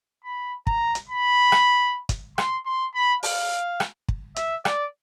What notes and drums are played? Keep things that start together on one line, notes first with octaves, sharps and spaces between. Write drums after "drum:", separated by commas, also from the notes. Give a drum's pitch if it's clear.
B5
A#5, drum: kick
drum: hi-hat
B5
drum: rim click
drum: kick, hi-hat
C6, drum: rim click
C6
B5
F5, drum: open hi-hat
drum: rim click
drum: kick
E5, drum: hi-hat
D5, drum: rim click